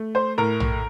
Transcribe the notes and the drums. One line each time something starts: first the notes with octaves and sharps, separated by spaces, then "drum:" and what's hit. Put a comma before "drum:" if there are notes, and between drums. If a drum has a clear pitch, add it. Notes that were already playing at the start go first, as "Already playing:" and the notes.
Already playing: A3
C5 C6
A2 A#4 A#5
drum: tom A#1